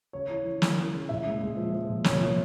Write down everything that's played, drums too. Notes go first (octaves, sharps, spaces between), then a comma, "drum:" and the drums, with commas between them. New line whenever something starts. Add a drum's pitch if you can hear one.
C#3 C#5
E3
E3
E3, drum: snare
E3
C#3
A#2 E5
G#3
G#3
F3
F3
A#2
C3 C#5, drum: snare
F3